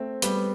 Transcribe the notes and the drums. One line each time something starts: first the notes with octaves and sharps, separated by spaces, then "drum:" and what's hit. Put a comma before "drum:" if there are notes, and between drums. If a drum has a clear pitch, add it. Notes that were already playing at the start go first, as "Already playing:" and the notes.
Already playing: A3 C4
G3 B3, drum: hi-hat